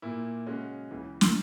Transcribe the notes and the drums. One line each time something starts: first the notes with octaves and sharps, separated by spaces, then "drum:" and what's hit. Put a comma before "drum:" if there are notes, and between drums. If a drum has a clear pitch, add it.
A#2 A#3 E4
C#3 G#3 C#4 F#4
C#2 C#3 E3
drum: snare